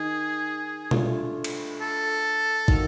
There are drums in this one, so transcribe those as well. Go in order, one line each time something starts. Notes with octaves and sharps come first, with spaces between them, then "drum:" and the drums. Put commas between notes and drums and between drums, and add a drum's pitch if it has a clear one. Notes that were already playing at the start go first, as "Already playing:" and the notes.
Already playing: D#3 D#4 G#4
A3 D4 F4, drum: tom
drum: cymbal
A4
D#3 F#3 A#3, drum: kick